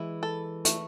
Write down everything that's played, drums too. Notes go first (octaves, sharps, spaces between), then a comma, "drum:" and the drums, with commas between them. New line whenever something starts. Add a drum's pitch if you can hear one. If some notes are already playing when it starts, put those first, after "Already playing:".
Already playing: E3 G#3 E4
A4
A3, drum: hi-hat